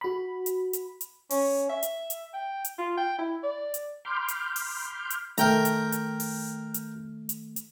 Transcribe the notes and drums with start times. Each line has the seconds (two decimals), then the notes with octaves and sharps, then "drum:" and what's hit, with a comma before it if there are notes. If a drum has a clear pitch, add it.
0.01 F#4 B5
0.46 drum: hi-hat
0.73 drum: hi-hat
1.01 drum: hi-hat
1.30 C#4, drum: open hi-hat
1.69 E5
1.83 drum: hi-hat
2.10 drum: hi-hat
2.34 G5
2.65 drum: hi-hat
2.78 F4
2.97 G5
3.18 E4
3.43 D5
3.74 drum: hi-hat
4.05 B5 C6 D6 F6 G6
4.28 drum: hi-hat
4.56 drum: open hi-hat
5.10 drum: hi-hat
5.38 D#3 A3 A#4 G5 A#5, drum: hi-hat
5.65 drum: hi-hat
5.92 drum: hi-hat
6.20 drum: open hi-hat
6.74 drum: hi-hat
7.29 drum: hi-hat
7.56 drum: hi-hat